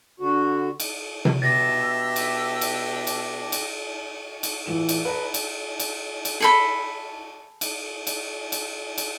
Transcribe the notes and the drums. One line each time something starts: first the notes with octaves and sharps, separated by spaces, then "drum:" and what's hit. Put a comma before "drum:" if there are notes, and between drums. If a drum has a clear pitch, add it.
D3 F#4
drum: cymbal
drum: tom C3
B2 D4 G4 E5 A6 A#6
drum: cymbal
drum: cymbal
drum: cymbal
drum: cymbal
drum: cymbal
A2 E3 F4 E7
drum: cymbal
B4 A5 A#5
drum: cymbal
drum: cymbal
drum: cymbal
G#4 A4 B5
drum: cymbal
drum: cymbal
drum: cymbal
drum: cymbal